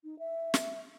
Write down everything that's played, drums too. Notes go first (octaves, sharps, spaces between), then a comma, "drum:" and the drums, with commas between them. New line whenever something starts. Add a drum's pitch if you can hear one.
D#4
E5
drum: snare